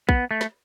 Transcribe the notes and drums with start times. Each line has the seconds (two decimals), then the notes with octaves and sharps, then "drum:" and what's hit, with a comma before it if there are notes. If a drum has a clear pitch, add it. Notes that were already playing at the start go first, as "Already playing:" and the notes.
0.09 B3, drum: kick
0.31 A3
0.41 drum: snare